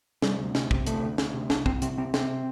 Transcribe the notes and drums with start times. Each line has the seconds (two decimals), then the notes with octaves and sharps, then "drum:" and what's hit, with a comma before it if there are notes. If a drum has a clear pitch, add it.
0.22 C3 G3, drum: snare
0.39 D2
0.55 C3, drum: snare
0.71 C3, drum: kick
0.87 D2 A3, drum: hi-hat
1.03 D2
1.18 D2, drum: snare
1.34 C3
1.50 C2 D4, drum: snare
1.66 C2 C4, drum: kick
1.82 C3 C4, drum: hi-hat
1.98 C3 C4
2.14 C3 C4, drum: snare